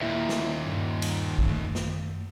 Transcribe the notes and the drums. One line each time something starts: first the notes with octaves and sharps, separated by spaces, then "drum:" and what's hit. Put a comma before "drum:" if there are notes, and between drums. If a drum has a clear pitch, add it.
D#2 A#2 A#3 E4 E5
drum: snare
G2
drum: cymbal
drum: kick
F#2 D#3 A3
drum: snare